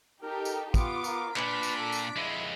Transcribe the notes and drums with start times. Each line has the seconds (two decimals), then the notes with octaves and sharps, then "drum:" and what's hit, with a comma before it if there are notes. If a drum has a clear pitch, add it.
0.23 D#4 G4 A4 A#4
0.45 drum: tambourine
0.74 B3 F4 D6, drum: kick, tambourine
1.04 A#4, drum: tambourine
1.36 A#2 D4 B4 B6 D7, drum: clap
1.63 drum: tambourine
1.77 A4
1.92 drum: tambourine
2.16 F2 G#3 E4